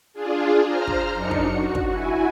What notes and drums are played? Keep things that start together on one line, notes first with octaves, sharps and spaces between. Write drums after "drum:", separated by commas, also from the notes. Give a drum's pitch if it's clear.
D4 F4 G#4
C5 A#5 F6
drum: kick
F#2 D4 D#4 C#7
drum: kick
F#4
drum: kick
E4 F#4 G#5